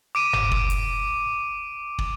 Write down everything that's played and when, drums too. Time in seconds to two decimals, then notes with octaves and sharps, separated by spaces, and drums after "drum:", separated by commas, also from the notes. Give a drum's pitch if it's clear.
0.15 D6 D7 D#7
0.33 drum: tom F#1
0.51 drum: kick
0.70 drum: hi-hat
1.99 drum: kick